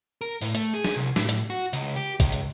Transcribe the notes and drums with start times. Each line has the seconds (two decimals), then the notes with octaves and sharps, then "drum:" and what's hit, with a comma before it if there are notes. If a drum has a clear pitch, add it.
0.21 A#4
0.41 A2, drum: open hi-hat
0.55 A3, drum: hi-hat
0.74 G#4
0.85 drum: snare
0.96 C2
1.16 A2, drum: snare
1.29 drum: hi-hat
1.50 F#4
1.73 C#2, drum: hi-hat
1.96 G4
2.20 C#2, drum: kick A1, hi-hat
2.32 drum: hi-hat